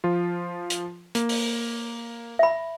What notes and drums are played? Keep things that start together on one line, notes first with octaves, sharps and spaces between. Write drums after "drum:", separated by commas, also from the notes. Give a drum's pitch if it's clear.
F3 F4
drum: hi-hat
A#3, drum: hi-hat
drum: open hi-hat
E5 B5